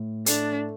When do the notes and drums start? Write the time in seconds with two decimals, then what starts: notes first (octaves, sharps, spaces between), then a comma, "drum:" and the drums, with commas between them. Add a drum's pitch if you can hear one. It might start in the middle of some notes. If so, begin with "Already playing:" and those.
Already playing: A2
0.26 A3 D4, drum: hi-hat